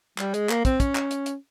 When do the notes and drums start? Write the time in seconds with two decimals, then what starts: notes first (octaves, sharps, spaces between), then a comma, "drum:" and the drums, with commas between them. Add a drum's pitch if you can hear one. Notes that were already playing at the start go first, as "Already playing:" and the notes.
0.18 G3, drum: clap
0.34 G#3, drum: hi-hat
0.49 A#3, drum: clap
0.65 C4, drum: kick, hi-hat
0.80 C#4, drum: kick, hi-hat
0.95 drum: clap
1.11 drum: hi-hat
1.26 drum: hi-hat